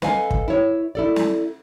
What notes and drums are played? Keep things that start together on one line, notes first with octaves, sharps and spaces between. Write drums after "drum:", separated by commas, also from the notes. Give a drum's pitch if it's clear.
A4 B4 D#5 F5 G#5, drum: snare
drum: kick
E4 C#5
E4 A4 D5
drum: snare